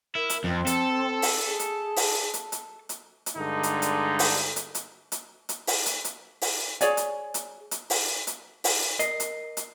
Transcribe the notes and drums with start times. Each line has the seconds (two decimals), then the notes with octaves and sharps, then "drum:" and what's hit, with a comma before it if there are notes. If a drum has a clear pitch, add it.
0.15 E4 A#4
0.30 drum: hi-hat
0.44 F2 C4
0.67 A4, drum: hi-hat
1.22 drum: open hi-hat
1.47 G#4
1.59 drum: hi-hat
1.96 drum: open hi-hat
2.34 drum: hi-hat
2.52 drum: hi-hat
2.89 drum: hi-hat
3.26 drum: hi-hat
3.36 G2 D3 G#3 D#4
3.63 drum: hi-hat
3.82 drum: hi-hat
4.19 drum: open hi-hat
4.56 drum: hi-hat
4.75 drum: hi-hat
5.12 drum: hi-hat
5.49 drum: hi-hat
5.67 drum: open hi-hat
5.86 drum: hi-hat
6.04 drum: hi-hat
6.41 drum: open hi-hat
6.81 G#4 C#5 D5 G#5, drum: hi-hat
6.97 drum: hi-hat
7.34 drum: hi-hat
7.71 drum: hi-hat
7.90 drum: open hi-hat
8.27 drum: hi-hat
8.64 drum: open hi-hat
8.99 A#4 D#5 C7, drum: hi-hat
9.20 drum: hi-hat
9.57 drum: hi-hat